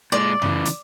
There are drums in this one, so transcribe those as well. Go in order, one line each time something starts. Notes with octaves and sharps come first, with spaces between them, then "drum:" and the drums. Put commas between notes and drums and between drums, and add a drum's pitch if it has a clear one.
A#2 G#3 D5
C#3 E3, drum: tom F#2
drum: hi-hat